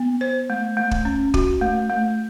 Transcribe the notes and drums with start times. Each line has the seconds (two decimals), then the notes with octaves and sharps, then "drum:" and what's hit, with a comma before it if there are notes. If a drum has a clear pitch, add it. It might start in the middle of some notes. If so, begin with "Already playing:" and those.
Already playing: B3
0.21 C5
0.50 A3
0.77 A3
0.91 drum: kick
1.05 C#4
1.34 F#4, drum: kick
1.61 A3
1.89 A3